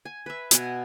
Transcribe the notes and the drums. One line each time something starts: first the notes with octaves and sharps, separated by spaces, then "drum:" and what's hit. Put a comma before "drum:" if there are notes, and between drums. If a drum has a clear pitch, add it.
G#5
B4 E5
B2 F#5 G#5, drum: hi-hat